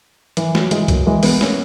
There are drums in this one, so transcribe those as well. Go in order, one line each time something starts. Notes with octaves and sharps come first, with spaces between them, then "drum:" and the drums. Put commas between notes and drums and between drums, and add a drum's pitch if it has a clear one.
E3, drum: hi-hat
F#3, drum: snare
E3 G#3, drum: hi-hat
F#3 A#3, drum: kick, hi-hat
E3 G#3
G#3 B3, drum: open hi-hat
A#3 C#4, drum: snare